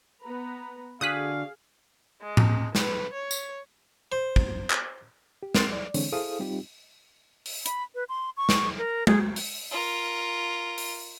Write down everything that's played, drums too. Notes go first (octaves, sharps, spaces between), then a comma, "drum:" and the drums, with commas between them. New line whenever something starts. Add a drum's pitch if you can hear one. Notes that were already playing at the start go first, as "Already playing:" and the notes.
B3 B4 A#5
D3 F#4 G#4 F5 G#5 D#6 F#6 B6
G#3
drum: tom A2
B4, drum: snare
C#5
drum: tambourine
C5
drum: kick
drum: clap
G4
C4 A#4 C6 A6, drum: snare
D5
D3 E3 G#3 C4 D4 C#5, drum: open hi-hat
E4 G#4 A4 C5 F5 D#6
G3 C4 D#4 F4 G4
drum: open hi-hat
B5, drum: hi-hat
B4
C6
C#6
drum: snare
A#4
G#4, drum: tom G#3
drum: open hi-hat
F4 A#4
drum: open hi-hat